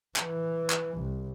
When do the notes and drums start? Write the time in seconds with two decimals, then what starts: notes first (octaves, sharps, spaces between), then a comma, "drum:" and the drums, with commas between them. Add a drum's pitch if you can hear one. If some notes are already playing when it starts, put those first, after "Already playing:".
0.16 E3, drum: clap
0.70 drum: clap
1.00 C2